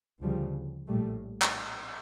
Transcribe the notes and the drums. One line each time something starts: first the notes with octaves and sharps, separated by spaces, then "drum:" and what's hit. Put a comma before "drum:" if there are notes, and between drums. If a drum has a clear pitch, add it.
D2 C#3 F3 G3
A#1 A2 G3 A3
drum: clap